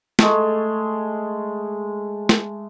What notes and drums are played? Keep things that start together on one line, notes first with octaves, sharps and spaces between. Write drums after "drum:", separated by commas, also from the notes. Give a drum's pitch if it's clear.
G#3 A3, drum: snare
drum: snare